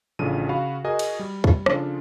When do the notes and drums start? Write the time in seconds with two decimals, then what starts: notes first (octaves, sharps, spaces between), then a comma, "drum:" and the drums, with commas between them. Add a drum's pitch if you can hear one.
0.19 A1 C#3 F3 D4 A4 D#7
0.49 C#3 F#4 F5 B5
0.84 F#4 G#4 A#4 D#5 G#5
0.99 drum: cymbal
1.19 G3
1.44 drum: kick
1.66 C#3 F3 D4 F4 A4, drum: rim click